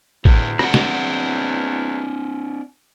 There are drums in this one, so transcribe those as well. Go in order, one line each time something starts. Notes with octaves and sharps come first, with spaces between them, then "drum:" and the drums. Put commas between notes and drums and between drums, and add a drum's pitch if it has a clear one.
E2 A2 D3, drum: kick
C4 D4 F#5, drum: rim click
drum: snare